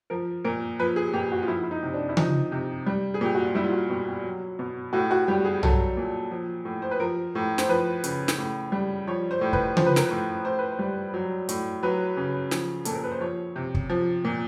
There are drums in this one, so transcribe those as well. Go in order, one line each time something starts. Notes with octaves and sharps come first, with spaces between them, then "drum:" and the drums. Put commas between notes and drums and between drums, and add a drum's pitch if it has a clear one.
F3 A#4
A#2 A#4
F3 B4
G#4
A#2 G4
F#4
F4
F3 E4
E4
D#4
C3
D4
E4
F3 D#4, drum: tom C#3
C3
G3
G#4
A#2 G4
F#4
F4
G3 E4
F4
F#4
B2 G4
G4
F#3
B2
A2 F#4
F#4
G3 G4
G#4
F#3 A4, drum: tom B1
A#2
F3
A2
C5
B4
F3 A#4
A2
C5, drum: snare
F3 B4
C#3, drum: hi-hat
drum: snare
A2
G3
F3 C#5
C5
A2
B4, drum: kick
F3 C5, drum: tom C#3
B4
A#4, drum: snare
A2 B4
A2 C5
B4
C5
G3
F#3
A2, drum: hi-hat
F#3 B4
C#3
F3, drum: snare
A#2 A4, drum: hi-hat
A#4
B4
C5
F3 C#5
C3
drum: kick
F3
A#2